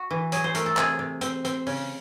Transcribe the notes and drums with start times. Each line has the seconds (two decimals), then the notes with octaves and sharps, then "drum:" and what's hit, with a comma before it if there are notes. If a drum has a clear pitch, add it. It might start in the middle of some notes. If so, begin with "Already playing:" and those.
Already playing: F#4
0.10 E3
0.32 F#3 G#4, drum: hi-hat
0.44 C5
0.55 A3 A#4, drum: hi-hat
0.66 A4
0.77 C3 G#4, drum: clap
0.99 C3
1.21 C4, drum: hi-hat
1.45 C4, drum: hi-hat
1.67 C#3, drum: open hi-hat